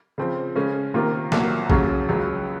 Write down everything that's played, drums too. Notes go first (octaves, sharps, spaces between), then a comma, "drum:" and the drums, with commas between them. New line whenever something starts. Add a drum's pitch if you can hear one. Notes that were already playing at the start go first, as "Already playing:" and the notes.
C#3 F3 C4
C#3 G#3 C#4
C3 D#3 A#3 F4 A#4
C2 A#2 F#3 A#3, drum: snare
D#2 C#3 F#3 C#4 F#4, drum: kick A#1
C#2 C#3 F#3